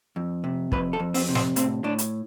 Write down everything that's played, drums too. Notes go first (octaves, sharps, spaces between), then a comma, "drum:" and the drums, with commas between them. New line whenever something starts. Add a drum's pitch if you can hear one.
F2
C3
F2 B4, drum: kick
A4
F2
C4, drum: open hi-hat
C3
C4, drum: snare
A2 C4, drum: hi-hat
A2 D4
drum: hi-hat